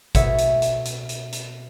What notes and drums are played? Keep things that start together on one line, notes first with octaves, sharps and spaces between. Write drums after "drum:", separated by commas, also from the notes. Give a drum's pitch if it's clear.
B2 A4 C#5 E5 C#7, drum: kick A1, hi-hat
drum: hi-hat
drum: hi-hat
drum: hi-hat
drum: hi-hat
drum: hi-hat